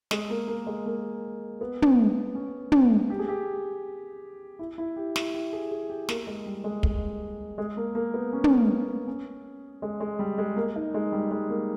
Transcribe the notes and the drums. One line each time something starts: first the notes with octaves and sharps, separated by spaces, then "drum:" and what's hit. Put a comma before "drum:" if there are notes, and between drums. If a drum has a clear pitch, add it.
G#3, drum: snare
A#3
A#3
G#3
A#3
B3
drum: tom
C#4
drum: tom
G4
G#4
G4
E4
E4
G4
E4, drum: snare
G4
G#4
G#4
G4
A#3, drum: snare
G#3
G3
G#3
G#3, drum: kick
G#3
A#3
A#3
B3
C#4
drum: tom
C#4
G#3
G#3
G3
G#3
A#3
D#4
G#3
G3
G#3
A#3